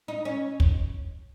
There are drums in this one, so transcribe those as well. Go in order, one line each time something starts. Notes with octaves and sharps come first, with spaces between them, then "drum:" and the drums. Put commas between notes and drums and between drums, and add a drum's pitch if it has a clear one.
D#4
C#4
drum: kick